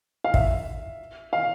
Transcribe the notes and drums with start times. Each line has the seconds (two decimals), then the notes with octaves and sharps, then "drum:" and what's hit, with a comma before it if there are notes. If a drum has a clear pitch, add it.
0.24 F5
0.34 E5, drum: kick
1.33 F5